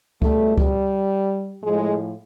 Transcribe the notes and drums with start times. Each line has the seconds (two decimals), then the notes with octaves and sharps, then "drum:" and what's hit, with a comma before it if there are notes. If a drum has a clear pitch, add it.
0.22 C#2 B2 G3 A3, drum: kick C#2
0.58 G3, drum: kick C#2
1.63 A2 F3 G#3